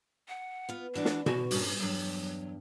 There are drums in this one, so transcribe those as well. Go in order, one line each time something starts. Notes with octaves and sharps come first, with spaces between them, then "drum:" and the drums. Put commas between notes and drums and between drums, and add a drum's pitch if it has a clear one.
F#5
B3 F4
E3 D4 F#4 D5
drum: snare
B2 F#4, drum: tom B2
G2 A#2 C#4, drum: open hi-hat
E2 G2 F#3